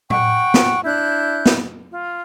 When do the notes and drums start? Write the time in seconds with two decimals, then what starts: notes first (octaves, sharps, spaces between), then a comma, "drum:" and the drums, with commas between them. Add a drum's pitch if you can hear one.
0.10 F#5 G5 C#6, drum: tom A2
0.54 drum: snare
0.85 D4 E4 F#6 G6
1.46 drum: snare
1.93 F4